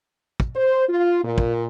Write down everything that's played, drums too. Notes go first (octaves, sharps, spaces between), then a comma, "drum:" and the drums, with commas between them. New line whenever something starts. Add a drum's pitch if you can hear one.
drum: kick
C5
F4
A#2
drum: kick